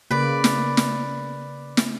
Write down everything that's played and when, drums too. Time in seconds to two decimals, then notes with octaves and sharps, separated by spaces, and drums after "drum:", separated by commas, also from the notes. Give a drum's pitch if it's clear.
0.11 C#3 A#3 B4 D5
0.44 drum: snare
0.77 drum: snare
1.77 drum: snare